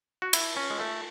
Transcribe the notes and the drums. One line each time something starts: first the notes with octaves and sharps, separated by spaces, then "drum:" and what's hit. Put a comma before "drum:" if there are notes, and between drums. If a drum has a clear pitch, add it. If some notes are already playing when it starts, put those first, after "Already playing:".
F#4
E4, drum: cymbal
C#4
G#3
A3